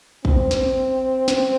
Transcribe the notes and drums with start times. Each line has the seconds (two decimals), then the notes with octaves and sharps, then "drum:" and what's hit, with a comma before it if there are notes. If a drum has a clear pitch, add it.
0.25 C4, drum: kick A1
0.51 drum: snare
1.28 drum: snare